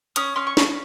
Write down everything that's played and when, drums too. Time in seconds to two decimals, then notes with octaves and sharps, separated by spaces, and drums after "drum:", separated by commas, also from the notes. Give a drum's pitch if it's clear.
0.16 C#4 D#6, drum: hi-hat
0.36 C#4 C6
0.47 C#6
0.57 C#4, drum: snare